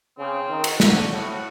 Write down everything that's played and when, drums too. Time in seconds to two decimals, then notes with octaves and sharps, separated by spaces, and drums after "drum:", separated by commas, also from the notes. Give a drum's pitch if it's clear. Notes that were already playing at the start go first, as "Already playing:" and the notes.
0.18 C#3 C4
0.49 D#3
0.64 F#4, drum: cymbal
0.80 D3, drum: snare
1.11 A2